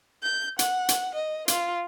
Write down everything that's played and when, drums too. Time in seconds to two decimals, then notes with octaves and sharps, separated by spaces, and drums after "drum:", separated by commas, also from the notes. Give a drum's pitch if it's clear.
0.22 G6
0.59 F#5, drum: hi-hat
0.89 drum: hi-hat
1.15 D#5
1.48 F4, drum: hi-hat